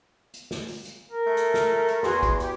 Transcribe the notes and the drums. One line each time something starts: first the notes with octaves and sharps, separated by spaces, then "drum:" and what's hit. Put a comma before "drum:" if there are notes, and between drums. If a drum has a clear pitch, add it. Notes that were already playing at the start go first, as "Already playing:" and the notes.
drum: hi-hat
drum: snare
drum: open hi-hat
drum: hi-hat
A#4
A3
drum: hi-hat
drum: snare
drum: hi-hat
E2 F#4 G#4 C6, drum: snare
drum: kick, hi-hat
G4, drum: hi-hat